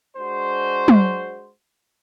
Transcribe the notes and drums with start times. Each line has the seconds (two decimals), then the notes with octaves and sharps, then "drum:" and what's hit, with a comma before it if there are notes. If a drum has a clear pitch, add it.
0.17 G#3 D4 F#4 C5
0.88 drum: tom